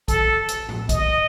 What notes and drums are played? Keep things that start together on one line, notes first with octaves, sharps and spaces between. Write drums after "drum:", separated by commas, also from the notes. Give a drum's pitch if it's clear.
A4, drum: kick B1, hi-hat
drum: hi-hat
drum: tom A2
D#5, drum: kick B1, hi-hat